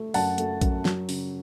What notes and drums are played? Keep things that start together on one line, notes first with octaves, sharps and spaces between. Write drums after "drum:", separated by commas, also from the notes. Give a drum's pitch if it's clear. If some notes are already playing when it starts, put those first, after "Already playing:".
Already playing: A3
F#2 F#5 A5, drum: open hi-hat
A3, drum: hi-hat
F#2, drum: kick, hi-hat
F#3, drum: snare
C#3, drum: open hi-hat